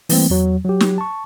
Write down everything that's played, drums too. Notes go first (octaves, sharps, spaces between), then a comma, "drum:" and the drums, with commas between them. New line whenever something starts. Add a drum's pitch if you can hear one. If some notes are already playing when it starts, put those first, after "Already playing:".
E3 G3 A3 A#3 C4, drum: open hi-hat
E2 F#3
F#3 G4
drum: snare
A5 C#6